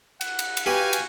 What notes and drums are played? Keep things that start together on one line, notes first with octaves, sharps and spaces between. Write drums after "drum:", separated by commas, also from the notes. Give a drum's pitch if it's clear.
F#5, drum: cymbal
drum: cymbal
drum: cymbal
F#4 G4 B4 F5 G5 G#5
drum: cymbal